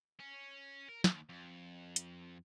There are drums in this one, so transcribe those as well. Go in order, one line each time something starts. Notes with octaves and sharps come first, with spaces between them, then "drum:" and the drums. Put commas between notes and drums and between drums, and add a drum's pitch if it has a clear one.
C#4
A#4
D#2, drum: snare
F2
drum: hi-hat